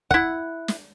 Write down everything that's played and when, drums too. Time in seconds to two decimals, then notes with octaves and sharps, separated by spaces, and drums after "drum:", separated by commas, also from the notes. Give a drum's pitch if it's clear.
0.11 E4 F#5, drum: kick
0.68 drum: snare